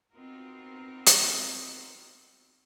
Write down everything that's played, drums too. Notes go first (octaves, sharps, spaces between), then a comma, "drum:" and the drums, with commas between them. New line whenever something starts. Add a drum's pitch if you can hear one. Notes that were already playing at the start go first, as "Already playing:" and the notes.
B3 C4 D#4 F4 F#4 A#4
drum: hi-hat